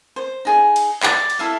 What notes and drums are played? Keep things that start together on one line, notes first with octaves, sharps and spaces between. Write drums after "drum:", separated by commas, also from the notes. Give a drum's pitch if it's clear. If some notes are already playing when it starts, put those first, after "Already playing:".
C5
D#4 G#4
drum: cymbal
D5, drum: clap
drum: cymbal
E4 A4 E5 F5